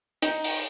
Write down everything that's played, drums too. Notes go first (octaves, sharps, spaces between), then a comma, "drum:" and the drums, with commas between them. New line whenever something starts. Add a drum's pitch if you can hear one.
D#4, drum: hi-hat
drum: open hi-hat